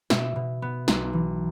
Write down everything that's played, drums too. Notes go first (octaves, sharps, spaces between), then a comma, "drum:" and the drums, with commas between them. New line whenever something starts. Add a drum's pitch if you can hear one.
B2 E5, drum: snare
B2
B3
B1, drum: snare
E3